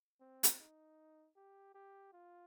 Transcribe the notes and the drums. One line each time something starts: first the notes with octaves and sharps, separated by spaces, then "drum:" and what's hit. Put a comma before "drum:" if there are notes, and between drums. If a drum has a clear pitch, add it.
C4
drum: hi-hat
D#4
G4
G4
F4